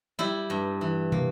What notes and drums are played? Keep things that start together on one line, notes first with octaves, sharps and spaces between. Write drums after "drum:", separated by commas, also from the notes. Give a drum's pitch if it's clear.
G3 E4
G2
E3
A#3, drum: tom